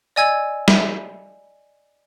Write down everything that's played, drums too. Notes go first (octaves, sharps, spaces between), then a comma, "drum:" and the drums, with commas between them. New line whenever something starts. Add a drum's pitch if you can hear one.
D5 D#5 G#5 E6 G#6
drum: snare